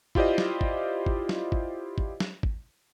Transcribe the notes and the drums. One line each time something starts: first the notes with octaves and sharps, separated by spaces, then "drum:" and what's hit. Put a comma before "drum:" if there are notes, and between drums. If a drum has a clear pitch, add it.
E4 F4 G4 C5 D5 D#5, drum: kick
drum: snare
drum: kick
drum: kick
drum: snare
drum: kick
drum: kick
drum: snare
drum: kick